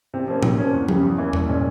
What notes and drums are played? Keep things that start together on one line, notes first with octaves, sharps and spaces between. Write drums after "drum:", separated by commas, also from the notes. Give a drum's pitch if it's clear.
C3
F3 A#3 C#4
C3, drum: tom A2
F3 A#3 C#4
E2
C#3 G3, drum: tom F3
E2
E3 A#3 C#4
C2, drum: tom E2
A#2 G#3 C#4